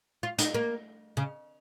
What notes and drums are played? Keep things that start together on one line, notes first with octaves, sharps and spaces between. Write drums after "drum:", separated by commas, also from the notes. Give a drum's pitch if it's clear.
F4
D#4, drum: hi-hat
A#3
C#3